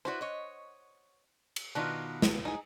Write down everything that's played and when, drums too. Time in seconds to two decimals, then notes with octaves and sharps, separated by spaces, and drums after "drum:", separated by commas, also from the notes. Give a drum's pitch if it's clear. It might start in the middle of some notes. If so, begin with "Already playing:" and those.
0.05 E4 F#4 B4 C5 D5
0.21 C#5 D#5
1.56 drum: cymbal
1.75 B2 D#3 B3 D4 F4
2.22 drum: snare
2.45 D#4 G#4